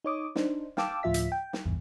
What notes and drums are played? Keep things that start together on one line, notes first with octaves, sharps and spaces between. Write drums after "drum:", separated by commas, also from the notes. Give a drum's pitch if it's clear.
D#4 C#5 D6 D#6
D4 D#4 C5, drum: snare
F5 G5 A5 D6 E6, drum: snare
D2 A2 F3 F4 E5 B6
drum: hi-hat
G5
drum: snare
A1 E2 G2